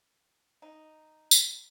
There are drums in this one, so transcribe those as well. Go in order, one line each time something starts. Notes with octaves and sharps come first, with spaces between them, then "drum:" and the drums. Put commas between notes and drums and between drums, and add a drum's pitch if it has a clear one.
D#4
drum: tambourine